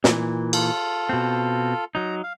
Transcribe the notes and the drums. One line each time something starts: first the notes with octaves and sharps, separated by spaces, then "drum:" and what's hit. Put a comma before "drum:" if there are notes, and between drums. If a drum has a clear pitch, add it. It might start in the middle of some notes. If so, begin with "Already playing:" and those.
A#2 D#3 E3, drum: snare
F4 A4, drum: cymbal
B2 C4
F#3 D#4 A#5
F5